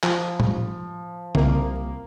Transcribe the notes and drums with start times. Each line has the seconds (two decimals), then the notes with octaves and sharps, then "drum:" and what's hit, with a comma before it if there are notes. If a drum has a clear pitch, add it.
0.03 F3, drum: clap
0.40 drum: tom A2
1.35 C2 A#3, drum: tom C#3